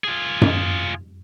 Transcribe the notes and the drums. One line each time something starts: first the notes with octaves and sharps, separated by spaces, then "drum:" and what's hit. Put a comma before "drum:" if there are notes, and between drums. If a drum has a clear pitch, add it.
F4 G#4
drum: tom F#2